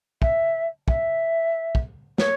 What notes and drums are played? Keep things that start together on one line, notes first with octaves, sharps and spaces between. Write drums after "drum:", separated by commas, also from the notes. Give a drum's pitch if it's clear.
E5, drum: kick
E5, drum: kick
drum: kick
C#5, drum: snare